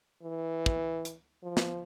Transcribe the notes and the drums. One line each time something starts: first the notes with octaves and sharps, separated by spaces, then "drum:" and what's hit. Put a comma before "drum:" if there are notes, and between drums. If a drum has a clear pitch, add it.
E3
drum: kick
drum: hi-hat
F3
drum: snare